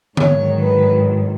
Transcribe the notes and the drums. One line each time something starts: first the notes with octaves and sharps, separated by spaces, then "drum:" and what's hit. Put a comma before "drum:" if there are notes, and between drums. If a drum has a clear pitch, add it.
G#2 D#3 F#3 C#5, drum: tom D3
B4